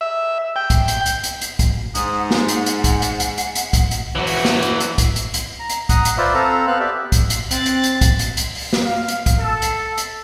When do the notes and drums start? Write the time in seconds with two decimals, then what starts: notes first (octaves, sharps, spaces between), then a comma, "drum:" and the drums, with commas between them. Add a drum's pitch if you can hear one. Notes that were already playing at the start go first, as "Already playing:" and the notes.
0.01 E5
0.56 G5
0.70 drum: kick, hi-hat
0.88 drum: hi-hat
1.06 drum: hi-hat
1.24 drum: hi-hat
1.41 drum: hi-hat
1.59 drum: kick, hi-hat
1.95 G#2 D#6, drum: hi-hat
2.19 F#5
2.31 drum: snare
2.48 drum: hi-hat
2.66 drum: hi-hat
2.84 drum: kick, hi-hat
3.02 drum: hi-hat
3.20 drum: hi-hat
3.38 drum: hi-hat
3.55 drum: hi-hat
3.73 drum: kick, hi-hat
3.91 drum: hi-hat
4.15 E3 F#4
4.27 drum: open hi-hat
4.45 drum: snare
4.62 drum: hi-hat
4.80 drum: hi-hat
4.98 drum: kick, hi-hat
5.16 drum: hi-hat
5.34 drum: hi-hat
5.59 A#5
5.69 drum: hi-hat
5.89 F#5 A#5 D#6, drum: kick, hi-hat
6.05 drum: hi-hat
6.18 F4 B4 C5 D5 E5
6.34 C4 A4 F5 A#5 E6
6.67 B3 F5 F#6
6.80 G4 D5 E5
7.12 drum: kick, hi-hat
7.30 drum: hi-hat
7.51 C4 F#6 A6, drum: hi-hat
7.66 drum: hi-hat
7.84 drum: hi-hat
8.01 drum: kick, hi-hat
8.19 drum: hi-hat
8.37 drum: hi-hat
8.55 drum: open hi-hat
8.73 drum: snare
8.84 F5
9.08 drum: hi-hat
9.26 drum: kick, hi-hat
9.39 A4
9.62 drum: hi-hat
9.98 drum: hi-hat